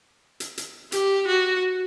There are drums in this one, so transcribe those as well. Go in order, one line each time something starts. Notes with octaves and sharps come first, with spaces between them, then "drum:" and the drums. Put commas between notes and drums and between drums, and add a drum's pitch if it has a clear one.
drum: hi-hat
drum: hi-hat
G4, drum: hi-hat
F#4